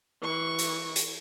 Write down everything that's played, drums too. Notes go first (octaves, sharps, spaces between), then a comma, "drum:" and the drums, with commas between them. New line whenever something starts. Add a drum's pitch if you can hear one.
E3 C#6
drum: hi-hat
drum: hi-hat